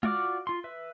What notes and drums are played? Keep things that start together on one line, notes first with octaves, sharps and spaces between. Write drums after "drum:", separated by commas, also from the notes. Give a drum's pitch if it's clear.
F4 F#4 D5 D6 F6, drum: tom G#3
F4 C6
B4 E5